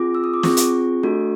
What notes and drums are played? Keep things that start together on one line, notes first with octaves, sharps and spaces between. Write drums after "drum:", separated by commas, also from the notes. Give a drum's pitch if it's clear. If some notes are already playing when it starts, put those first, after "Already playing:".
Already playing: C4 F4 G#4 D6
E6
D#6
D6
C4 F4 G#4 C#6, drum: snare
drum: hi-hat
A3 D4 F#4 A4